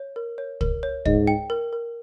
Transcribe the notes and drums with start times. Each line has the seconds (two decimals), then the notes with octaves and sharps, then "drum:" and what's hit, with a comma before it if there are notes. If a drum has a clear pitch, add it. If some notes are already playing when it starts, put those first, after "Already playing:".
Already playing: C#5
0.16 A#4
0.38 C#5
0.61 A#4, drum: kick
0.83 C#5
1.06 G#2 D#5, drum: kick
1.27 G5
1.50 A#4
1.73 A#4